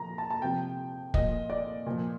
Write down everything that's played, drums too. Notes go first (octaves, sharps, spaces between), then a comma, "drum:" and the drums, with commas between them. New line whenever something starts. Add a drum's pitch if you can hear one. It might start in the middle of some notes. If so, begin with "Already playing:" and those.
Already playing: A#2 F3 A#5
A5
A5
C3 F3 G5
A#2 F3 D#5, drum: kick
D5
A#2 F3